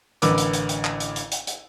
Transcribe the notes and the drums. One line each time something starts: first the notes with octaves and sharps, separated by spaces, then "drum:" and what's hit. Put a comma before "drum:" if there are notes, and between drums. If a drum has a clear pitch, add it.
A1 D3 A#4 B4 D6 E6, drum: hi-hat
drum: hi-hat
drum: hi-hat
drum: hi-hat
drum: clap
drum: hi-hat
drum: hi-hat
drum: hi-hat
drum: hi-hat